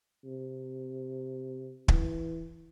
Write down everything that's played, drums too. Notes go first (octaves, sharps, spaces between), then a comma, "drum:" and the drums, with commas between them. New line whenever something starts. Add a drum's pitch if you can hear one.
C3
E3, drum: kick